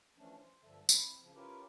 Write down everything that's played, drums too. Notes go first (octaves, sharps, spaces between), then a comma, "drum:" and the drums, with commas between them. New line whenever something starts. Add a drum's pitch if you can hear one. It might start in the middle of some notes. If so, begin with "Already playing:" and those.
E3 F3 A3 C#4 D4
C5
G2 D3 F3 A4 E5
C4 E4, drum: tambourine
C#3 F3
C#4 E4 F4 G4 A#4 B4